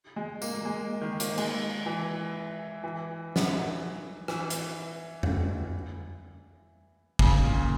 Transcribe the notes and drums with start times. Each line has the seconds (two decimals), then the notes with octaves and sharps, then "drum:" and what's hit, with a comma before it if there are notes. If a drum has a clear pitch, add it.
0.16 G#3
0.42 A#3, drum: tambourine
0.54 A#3
0.65 G#3
1.01 D#3
1.20 A#3, drum: hi-hat
1.38 G#3, drum: cymbal
1.86 E3
2.84 E3
3.36 drum: snare
4.28 E3, drum: rim click
4.50 drum: hi-hat
5.23 drum: tom F2
7.19 C#3, drum: kick
7.44 A#2